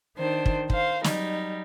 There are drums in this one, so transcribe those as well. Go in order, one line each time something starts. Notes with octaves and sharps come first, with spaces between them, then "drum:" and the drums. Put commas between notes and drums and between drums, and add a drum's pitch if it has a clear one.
D#3 D4 C5
drum: kick
C5 F5, drum: kick
F#3 G3 D#4, drum: snare